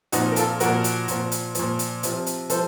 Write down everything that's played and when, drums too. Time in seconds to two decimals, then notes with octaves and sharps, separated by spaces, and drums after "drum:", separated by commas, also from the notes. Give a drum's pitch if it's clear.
0.12 A#2 F3 D#4 F#4, drum: hi-hat
0.32 A#4
0.36 F4 A4, drum: hi-hat
0.60 A#2 F3 F#4 A#4, drum: hi-hat
0.84 drum: hi-hat
1.08 A#2 F3, drum: hi-hat
1.32 drum: hi-hat
1.55 A#2 F3, drum: hi-hat
1.79 drum: hi-hat
2.03 C3 F3, drum: hi-hat
2.26 drum: hi-hat
2.50 C3 F3 A4 C5, drum: hi-hat